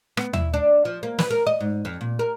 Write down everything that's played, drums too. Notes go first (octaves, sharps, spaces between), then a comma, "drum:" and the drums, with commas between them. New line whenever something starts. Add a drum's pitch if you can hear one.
B3, drum: rim click
E4, drum: tom
D4
F3
A#3
B4, drum: snare
A#4
D#5
G#2
F2
A#2
A#4